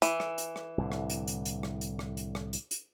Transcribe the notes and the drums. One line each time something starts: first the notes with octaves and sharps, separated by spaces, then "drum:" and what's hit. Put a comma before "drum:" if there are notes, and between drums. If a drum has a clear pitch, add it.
E3, drum: hi-hat
drum: rim click
drum: hi-hat
drum: rim click
C2 A2 D3
drum: rim click
drum: hi-hat
drum: hi-hat
drum: hi-hat
drum: rim click
drum: hi-hat
drum: rim click
drum: hi-hat
drum: rim click
drum: hi-hat
drum: hi-hat